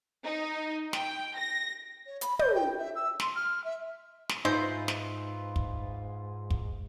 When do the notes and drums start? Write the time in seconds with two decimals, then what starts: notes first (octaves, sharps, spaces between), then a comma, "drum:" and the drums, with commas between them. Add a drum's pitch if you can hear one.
0.24 D#4
0.93 G5, drum: snare
1.36 A#6
2.06 C#5
2.21 B5, drum: hi-hat
2.39 G6, drum: tom
2.55 G5
2.78 E5
2.95 E6
3.20 C6, drum: snare
3.35 F6
3.64 E5
4.30 drum: snare
4.45 G#2 G#3 D#4 F4 B4 C5 E5
4.88 drum: snare
5.56 drum: kick
6.50 drum: kick